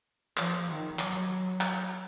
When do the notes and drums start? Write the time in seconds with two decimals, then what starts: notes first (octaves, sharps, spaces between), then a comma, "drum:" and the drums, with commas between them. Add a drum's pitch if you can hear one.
0.37 F3, drum: clap
0.69 D#3
0.99 F#3, drum: clap
1.61 drum: clap